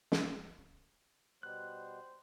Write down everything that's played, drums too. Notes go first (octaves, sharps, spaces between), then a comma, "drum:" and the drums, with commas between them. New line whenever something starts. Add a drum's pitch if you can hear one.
drum: snare
B2 G3 B3 C5 F#6